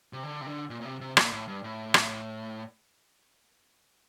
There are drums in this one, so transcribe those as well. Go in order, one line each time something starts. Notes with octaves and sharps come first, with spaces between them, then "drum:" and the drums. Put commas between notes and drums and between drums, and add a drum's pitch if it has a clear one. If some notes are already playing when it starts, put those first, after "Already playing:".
C3
D3
C3
D3
A#2
A#2
C3
C3
A#2, drum: rim click
A2
G2
A2
drum: rim click